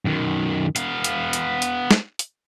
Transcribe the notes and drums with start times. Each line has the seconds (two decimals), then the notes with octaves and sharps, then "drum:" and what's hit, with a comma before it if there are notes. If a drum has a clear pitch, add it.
0.05 F#2 D#3
0.76 B3 F5, drum: hi-hat
1.04 drum: hi-hat
1.33 drum: hi-hat
1.62 drum: hi-hat
1.91 drum: snare
2.19 drum: hi-hat